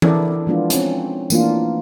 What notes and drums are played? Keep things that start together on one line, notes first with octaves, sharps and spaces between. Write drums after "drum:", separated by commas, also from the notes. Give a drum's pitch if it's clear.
B3 D4 E4 A4 A#4 D5, drum: tom E3
F3 G#3 B3 D4 F4
C4 C#4, drum: hi-hat
E3 A3 A#3 D4 F4, drum: tambourine